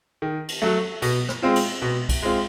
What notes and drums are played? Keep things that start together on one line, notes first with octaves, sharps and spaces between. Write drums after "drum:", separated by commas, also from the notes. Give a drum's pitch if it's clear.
D#3
drum: cymbal
F#3 A3
B2, drum: cymbal
drum: rim click
G#3 C4 F4
drum: cymbal
B2
drum: kick, cymbal
G#3 C4 F4